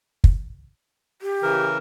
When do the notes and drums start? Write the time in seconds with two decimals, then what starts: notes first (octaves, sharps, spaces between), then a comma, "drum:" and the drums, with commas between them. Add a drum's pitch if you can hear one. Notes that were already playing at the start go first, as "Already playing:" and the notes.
0.24 drum: kick
1.22 G4
1.43 C#3 E3 A#4